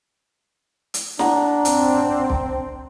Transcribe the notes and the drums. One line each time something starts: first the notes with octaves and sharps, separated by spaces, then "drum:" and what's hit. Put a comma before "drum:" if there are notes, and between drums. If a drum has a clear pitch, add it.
drum: hi-hat
D4 F#5 A#5, drum: snare
C4, drum: hi-hat
drum: kick B1